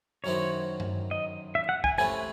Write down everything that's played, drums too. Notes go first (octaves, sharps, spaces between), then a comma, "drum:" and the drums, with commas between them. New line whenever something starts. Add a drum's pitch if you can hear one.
F#2 D#3 F#3 C4 E4 C#5
drum: tom G2
D#5
E5
F#5
G#5, drum: kick
C3 E3 A3 C#4 E4 G#5